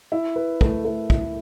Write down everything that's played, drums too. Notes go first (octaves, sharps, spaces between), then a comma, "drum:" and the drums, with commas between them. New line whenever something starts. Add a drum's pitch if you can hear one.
E4
B4
A3, drum: kick
A3
E4, drum: kick